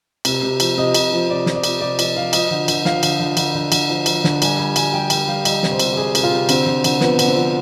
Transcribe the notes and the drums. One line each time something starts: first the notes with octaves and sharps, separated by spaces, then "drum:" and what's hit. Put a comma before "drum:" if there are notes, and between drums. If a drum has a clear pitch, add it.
C3, drum: cymbal
C3
F3, drum: cymbal
C3 D#5
C3, drum: cymbal
F3
C3 D5
F3, drum: snare
D5
C3, drum: cymbal
C3 D5
F3 D#5, drum: cymbal
F3 F5
F3 D#5, drum: cymbal
D3
D3, drum: cymbal
F3 F5, drum: snare
D3, drum: cymbal
D3
D3, drum: cymbal
D3
D3, drum: cymbal
F3
F3, drum: cymbal
D3, drum: snare
G3 G#5, drum: cymbal
G3 G#5
G3 G#5, drum: cymbal
G3 G5
G3 G5, drum: cymbal
G3 F5
G3 D#5, drum: cymbal
C3, drum: snare
C5
C3, drum: cymbal
G4
G3 G#4
C3, drum: cymbal
F4
C3
D3 C4, drum: cymbal
D3
D3, drum: cymbal
F3 B3, drum: snare
D3, drum: cymbal
C4
F3